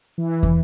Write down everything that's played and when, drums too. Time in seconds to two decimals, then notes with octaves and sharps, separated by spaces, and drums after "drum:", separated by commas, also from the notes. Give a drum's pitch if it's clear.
0.18 E3
0.43 drum: kick